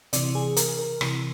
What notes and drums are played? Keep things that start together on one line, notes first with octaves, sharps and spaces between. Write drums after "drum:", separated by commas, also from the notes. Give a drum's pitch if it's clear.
C3 E3 D5, drum: hi-hat
G#4
A#4, drum: hi-hat
A#4
C3 E3, drum: rim click